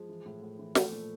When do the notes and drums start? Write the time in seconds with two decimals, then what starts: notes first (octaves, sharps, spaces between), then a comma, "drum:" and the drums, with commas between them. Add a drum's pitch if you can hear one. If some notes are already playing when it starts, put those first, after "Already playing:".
Already playing: F3 G#3
0.09 E3
0.26 A2
0.42 A2
0.59 E3
0.75 F3 A3, drum: snare
0.92 A#2